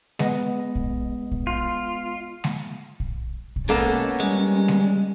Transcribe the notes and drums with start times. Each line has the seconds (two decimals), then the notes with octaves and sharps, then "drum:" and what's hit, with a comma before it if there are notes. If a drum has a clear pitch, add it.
0.19 G#3 B3 D#5, drum: snare G#3
0.75 drum: kick A#1
1.32 drum: kick A#1
1.47 F4
2.44 drum: snare G#3
3.00 drum: kick A#1
3.56 drum: kick A#1
3.69 B2 G#3 A#3 B3 C#4 A4
4.20 G3 G#3
4.68 drum: snare G#3